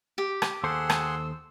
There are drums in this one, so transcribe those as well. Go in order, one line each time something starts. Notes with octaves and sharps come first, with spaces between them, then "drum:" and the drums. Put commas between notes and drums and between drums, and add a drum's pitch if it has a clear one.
G4
drum: rim click
D#2 G#4 A4 C5 F#5 C6 E6
drum: rim click